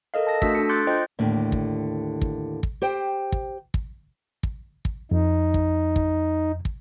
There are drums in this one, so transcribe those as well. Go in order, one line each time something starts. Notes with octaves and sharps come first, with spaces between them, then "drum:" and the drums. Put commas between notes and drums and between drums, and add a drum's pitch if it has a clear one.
A4 A#4 D#5 F5
A5 A#6
A3 D4 F#4 E6 B6, drum: kick
D4 A4 C#7
C6 D6 F#6 G6 A6 C#7
F4 C5 D#5 G5
D#2 A2 D3
drum: kick
drum: kick
drum: kick
G4 C5 G5
drum: kick
drum: kick
drum: kick
drum: kick
F2 D#4
drum: kick
drum: kick
drum: kick